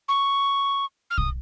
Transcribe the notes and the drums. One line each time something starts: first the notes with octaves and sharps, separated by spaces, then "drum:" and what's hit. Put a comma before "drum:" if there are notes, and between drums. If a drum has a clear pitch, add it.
C#6
F6
D#6, drum: kick